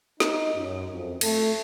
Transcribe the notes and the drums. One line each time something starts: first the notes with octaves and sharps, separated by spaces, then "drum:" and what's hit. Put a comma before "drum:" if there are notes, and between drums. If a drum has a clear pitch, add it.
D#4, drum: snare
F#2
F2
A3, drum: cymbal